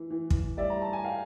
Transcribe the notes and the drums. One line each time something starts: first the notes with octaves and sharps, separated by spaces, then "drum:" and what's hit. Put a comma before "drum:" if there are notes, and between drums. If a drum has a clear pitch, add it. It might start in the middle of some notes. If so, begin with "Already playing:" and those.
Already playing: E3
E3
drum: kick
G3 D5 E5
A#5
A5
G#5
F5 G5